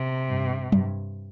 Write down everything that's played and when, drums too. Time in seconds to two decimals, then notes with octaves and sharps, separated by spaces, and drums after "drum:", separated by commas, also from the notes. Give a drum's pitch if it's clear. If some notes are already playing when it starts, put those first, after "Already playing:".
Already playing: C3
0.29 G2
0.72 G2, drum: tom